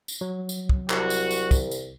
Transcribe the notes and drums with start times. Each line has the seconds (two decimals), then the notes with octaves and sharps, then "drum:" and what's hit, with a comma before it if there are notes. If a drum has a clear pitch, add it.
0.08 drum: tambourine
0.21 F#3
0.49 drum: tambourine
0.69 drum: kick
0.90 C2 F#4, drum: clap
1.10 drum: tambourine
1.31 drum: tambourine
1.51 drum: kick, tambourine
1.71 drum: tambourine